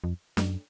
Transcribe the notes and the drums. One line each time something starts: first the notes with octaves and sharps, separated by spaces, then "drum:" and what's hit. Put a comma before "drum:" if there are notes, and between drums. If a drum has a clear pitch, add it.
F2
F#2, drum: snare D4